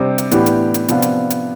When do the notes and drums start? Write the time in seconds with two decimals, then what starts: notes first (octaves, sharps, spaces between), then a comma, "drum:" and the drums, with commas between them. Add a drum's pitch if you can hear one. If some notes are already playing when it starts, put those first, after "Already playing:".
Already playing: C3 G3 D4 G4 C5
0.18 drum: hi-hat
0.31 A2 E3 B3 D4 G4, drum: hi-hat
0.46 drum: hi-hat
0.74 drum: hi-hat
0.88 C3 F3 B3 D4 F4, drum: hi-hat
1.02 drum: hi-hat
1.30 drum: hi-hat